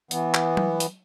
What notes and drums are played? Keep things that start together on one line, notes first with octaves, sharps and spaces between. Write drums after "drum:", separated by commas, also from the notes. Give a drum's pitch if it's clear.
E3 B3, drum: hi-hat
drum: clap
drum: tom F#3
drum: hi-hat